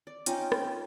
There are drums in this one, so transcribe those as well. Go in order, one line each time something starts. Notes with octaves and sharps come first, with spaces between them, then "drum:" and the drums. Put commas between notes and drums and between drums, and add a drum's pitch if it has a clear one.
D5
C#4 D#4 F4 G5, drum: hi-hat
drum: rim click